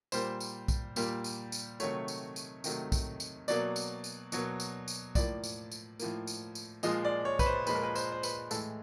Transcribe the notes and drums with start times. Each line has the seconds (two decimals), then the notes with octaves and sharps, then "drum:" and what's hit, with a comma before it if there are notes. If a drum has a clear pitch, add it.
0.12 A#2 G3 A#3 C5, drum: tambourine
0.40 drum: tambourine
0.68 drum: kick B1, tambourine
0.96 A#2 G3 A#3, drum: tambourine
1.24 drum: tambourine
1.52 drum: tambourine
1.80 C3 D#3 F#3 A3 C#5, drum: tambourine
2.08 drum: tambourine
2.36 drum: tambourine
2.64 C3 D#3 F#3 A3, drum: tambourine
2.92 drum: kick B1, tambourine
3.20 drum: tambourine
3.48 B2 F#3 A#3 D5, drum: tambourine
3.76 drum: tambourine
4.04 drum: tambourine
4.32 B2 F#3 A#3, drum: tambourine
4.60 drum: tambourine
4.88 drum: tambourine
5.15 A2 F3 A#3 D5, drum: kick B1, tambourine
5.44 drum: tambourine
5.72 drum: tambourine
6.00 A2 F3 A#3, drum: tambourine
6.27 drum: tambourine
6.55 drum: tambourine
6.83 A#2 F3 G#3 D#5, drum: tambourine
7.05 D5
7.25 C#5
7.39 B4, drum: kick B1, tambourine
7.46 C5
7.67 A#2 F3 G#3 B4, drum: tambourine
7.75 A#4
7.83 B4
7.95 C5, drum: tambourine
8.12 C5
8.23 B4, drum: tambourine
8.51 A2 E3 G#3 A4, drum: tambourine